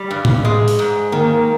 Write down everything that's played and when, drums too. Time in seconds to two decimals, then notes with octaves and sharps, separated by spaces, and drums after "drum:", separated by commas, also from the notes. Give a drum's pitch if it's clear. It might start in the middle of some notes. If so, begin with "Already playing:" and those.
Already playing: G3
0.11 G2
0.25 drum: tom A2
0.45 G#3
0.68 drum: open hi-hat
0.79 G#2
1.12 D#3 A#3